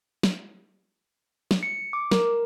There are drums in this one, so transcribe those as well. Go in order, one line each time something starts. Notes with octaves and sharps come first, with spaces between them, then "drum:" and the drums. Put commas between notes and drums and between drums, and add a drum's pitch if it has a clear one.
drum: snare
drum: snare
C#7
D6
A#4, drum: snare